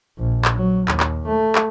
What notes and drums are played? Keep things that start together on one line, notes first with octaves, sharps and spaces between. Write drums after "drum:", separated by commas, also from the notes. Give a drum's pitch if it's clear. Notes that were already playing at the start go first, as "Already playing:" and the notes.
A#1
drum: clap
F#3
D#2, drum: clap
drum: clap
A3
drum: clap